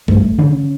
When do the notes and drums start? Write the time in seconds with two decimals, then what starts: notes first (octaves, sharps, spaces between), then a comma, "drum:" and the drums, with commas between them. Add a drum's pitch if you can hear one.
0.08 G2 A3, drum: kick A1
0.38 D3 C#4